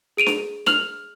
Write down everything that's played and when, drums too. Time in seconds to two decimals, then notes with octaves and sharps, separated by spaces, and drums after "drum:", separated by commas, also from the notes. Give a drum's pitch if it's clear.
0.17 G#4 D7 D#7 F7
0.26 drum: snare
0.66 F6 F7 F#7, drum: snare